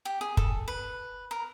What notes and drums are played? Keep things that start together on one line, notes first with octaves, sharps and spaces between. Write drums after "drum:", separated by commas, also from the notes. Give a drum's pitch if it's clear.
G4
G#4
A4, drum: kick F#1
B4
A#4